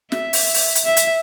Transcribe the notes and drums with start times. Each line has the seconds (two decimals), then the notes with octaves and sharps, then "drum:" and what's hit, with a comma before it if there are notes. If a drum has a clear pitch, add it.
0.12 E5, drum: snare
0.33 drum: open hi-hat
0.54 drum: open hi-hat
0.75 drum: hi-hat
0.86 E5
0.97 drum: hi-hat